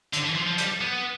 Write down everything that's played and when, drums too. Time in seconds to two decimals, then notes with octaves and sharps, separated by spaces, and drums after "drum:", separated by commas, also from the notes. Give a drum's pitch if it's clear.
0.13 D3, drum: hi-hat
0.24 E3
0.36 F3
0.47 F3
0.58 G3, drum: hi-hat
0.81 B3